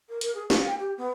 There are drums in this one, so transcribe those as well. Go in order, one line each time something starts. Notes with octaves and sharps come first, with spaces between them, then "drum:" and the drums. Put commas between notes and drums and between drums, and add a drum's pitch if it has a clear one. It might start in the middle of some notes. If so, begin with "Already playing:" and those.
A#4
A#4, drum: hi-hat
G#4
F5, drum: snare
G5
G4
B3